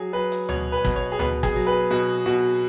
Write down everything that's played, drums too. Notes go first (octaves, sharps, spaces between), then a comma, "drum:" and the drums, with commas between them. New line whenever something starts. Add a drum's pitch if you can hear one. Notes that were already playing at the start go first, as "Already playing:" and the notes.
Already playing: F#3 G#4
F#3 B4
drum: hi-hat
B2 C#5, drum: tom D2
B4
B2, drum: kick
C#5
G#4
B2 B4, drum: tom D2
G#4, drum: kick
F#3
B4
B2 F#4
B2 F#4